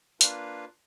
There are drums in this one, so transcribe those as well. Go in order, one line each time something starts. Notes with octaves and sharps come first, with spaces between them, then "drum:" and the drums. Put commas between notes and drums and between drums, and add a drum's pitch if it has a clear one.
A#3 D4 F4 B4 F5, drum: hi-hat